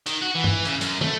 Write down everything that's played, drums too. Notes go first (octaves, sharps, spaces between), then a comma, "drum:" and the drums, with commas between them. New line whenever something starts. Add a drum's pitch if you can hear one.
D#3, drum: hi-hat
F#4
E3
drum: tom
C#3, drum: hi-hat
F#2, drum: hi-hat
A3, drum: tom